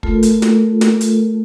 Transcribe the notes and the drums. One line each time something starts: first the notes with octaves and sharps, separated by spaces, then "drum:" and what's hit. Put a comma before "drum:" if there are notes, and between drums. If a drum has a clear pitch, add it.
A3 F4 A4 A#4, drum: kick
drum: hi-hat
drum: snare
drum: snare
drum: hi-hat